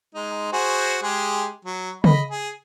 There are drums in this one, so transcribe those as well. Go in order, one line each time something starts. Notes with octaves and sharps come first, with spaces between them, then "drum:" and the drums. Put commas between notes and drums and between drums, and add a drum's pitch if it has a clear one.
G#3 D#4
F#4 G#4 C5
G#3 G4 G#4
F#3
D#5 B5, drum: tom C#3
G#4